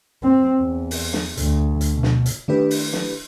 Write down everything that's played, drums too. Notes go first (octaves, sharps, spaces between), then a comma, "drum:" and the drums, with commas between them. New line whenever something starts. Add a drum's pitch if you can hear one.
C4
E2
drum: open hi-hat
drum: snare
D2, drum: hi-hat
drum: hi-hat
B2
drum: snare
drum: hi-hat
D#3 A3 D4 E4 G4 B4
drum: open hi-hat
drum: snare